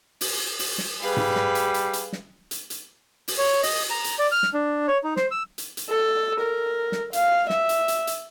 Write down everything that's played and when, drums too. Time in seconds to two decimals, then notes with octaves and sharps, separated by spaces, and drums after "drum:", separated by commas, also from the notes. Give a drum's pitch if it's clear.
0.21 drum: open hi-hat
0.59 drum: open hi-hat
0.78 drum: snare
1.01 G3 G#4 B4 F5
1.17 drum: tom G#2
1.36 drum: snare
1.55 drum: hi-hat
1.74 drum: hi-hat
1.93 drum: hi-hat
2.13 drum: snare
2.51 drum: hi-hat
2.70 drum: hi-hat
3.28 drum: open hi-hat
3.38 C#5
3.63 D#5, drum: open hi-hat
3.90 A#5
4.04 drum: hi-hat
4.19 D5
4.32 F6
4.43 drum: snare
4.54 D4
4.88 C#5
5.04 D#4
5.17 C5, drum: snare
5.31 E6
5.58 drum: hi-hat
5.77 drum: hi-hat
5.89 A4
6.40 A#4
6.92 drum: snare
7.13 F5, drum: hi-hat
7.50 E5, drum: snare
7.69 drum: hi-hat
7.88 drum: hi-hat
8.07 drum: hi-hat